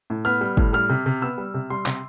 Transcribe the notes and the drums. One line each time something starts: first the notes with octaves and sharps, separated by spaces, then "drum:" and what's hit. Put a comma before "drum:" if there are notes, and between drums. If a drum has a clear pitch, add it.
A2
B3 F6
G3
A2, drum: kick
G3 F6
C3
C3
B3 E6
G3
C3
G3 C6
C3, drum: clap